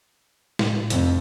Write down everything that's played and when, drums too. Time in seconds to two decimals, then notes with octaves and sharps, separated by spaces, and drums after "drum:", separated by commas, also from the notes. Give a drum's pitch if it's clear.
0.59 A2, drum: snare
0.90 F1 F2, drum: hi-hat